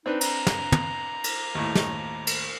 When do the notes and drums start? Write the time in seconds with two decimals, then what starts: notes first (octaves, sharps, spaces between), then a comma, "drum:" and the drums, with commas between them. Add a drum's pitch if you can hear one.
0.06 C4 D4 D#4 B4
0.21 A#5, drum: cymbal
0.47 drum: snare
0.72 drum: tom
1.24 drum: cymbal
1.55 D#2 A2
1.75 drum: snare
2.27 drum: cymbal